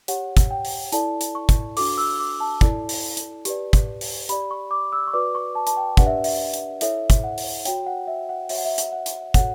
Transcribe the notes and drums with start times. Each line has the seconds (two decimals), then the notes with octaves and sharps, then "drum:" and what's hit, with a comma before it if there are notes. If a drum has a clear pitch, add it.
0.08 G4 C#5 F#5, drum: hi-hat
0.37 drum: kick, hi-hat
0.51 G5
0.65 drum: open hi-hat
0.92 E4 A4 D5 A5, drum: hi-hat
1.21 drum: hi-hat
1.35 C#6
1.49 drum: kick, hi-hat
1.77 D4 F#4 A4 D6, drum: open hi-hat
1.98 E6
2.19 D6
2.40 A5
2.61 E4 A4 D5, drum: kick, hi-hat
2.89 drum: open hi-hat
3.17 drum: hi-hat
3.45 G4 B4 D5, drum: hi-hat
3.73 drum: kick, hi-hat
4.01 drum: open hi-hat
4.29 G4 D5 B5, drum: hi-hat
4.51 C#6
4.71 D6
4.92 E6
5.07 C#6
5.13 F#4 B4 D5 D6
5.35 C#6
5.55 A5
5.67 A5, drum: hi-hat
5.77 G5
5.97 D4 G4 B4 D5 F#5, drum: kick, hi-hat
6.06 E5
6.24 E5, drum: open hi-hat
6.54 drum: hi-hat
6.81 E4 A4 C#5 E5, drum: hi-hat
7.10 drum: kick, hi-hat
7.24 F#5
7.38 drum: open hi-hat
7.65 F#4 C#5 G5, drum: hi-hat
7.86 F#5
8.07 E5
8.29 F#5
8.49 F#4 C#5 E5, drum: open hi-hat
8.58 F#5
8.65 E5
8.78 drum: hi-hat
8.92 F#5
9.06 drum: hi-hat
9.34 F#4 A4 C#5 F#5, drum: kick, hi-hat